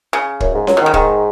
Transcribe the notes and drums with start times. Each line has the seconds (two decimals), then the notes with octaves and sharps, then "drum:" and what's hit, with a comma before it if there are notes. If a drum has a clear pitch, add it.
0.13 C#3
0.40 F#2, drum: kick
0.54 G#2
0.67 F#3, drum: snare C#4
0.77 B2
0.81 D#3
0.86 C#3
0.94 G#2 D#3, drum: kick